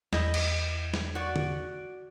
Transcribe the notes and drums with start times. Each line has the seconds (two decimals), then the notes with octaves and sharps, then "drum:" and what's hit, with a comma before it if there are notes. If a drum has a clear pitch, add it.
0.13 E2 E4 D#5 G6, drum: snare
0.34 drum: cymbal
0.94 drum: snare
1.15 F#4 D5
1.36 drum: tom